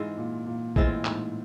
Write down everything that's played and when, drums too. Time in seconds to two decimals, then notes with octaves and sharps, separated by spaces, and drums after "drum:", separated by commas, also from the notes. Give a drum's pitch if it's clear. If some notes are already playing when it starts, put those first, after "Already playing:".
Already playing: G#2 E3 G#3 C4 F4
0.17 A#2
0.46 A#2
0.76 A2 E3 G#3 C4 F4, drum: kick A#1
1.05 G#2, drum: clap